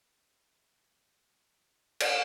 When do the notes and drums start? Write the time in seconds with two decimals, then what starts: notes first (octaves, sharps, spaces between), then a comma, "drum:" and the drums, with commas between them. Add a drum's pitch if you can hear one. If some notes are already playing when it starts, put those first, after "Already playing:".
0.25 E5
1.19 F#4
1.63 D#4
2.00 drum: cymbal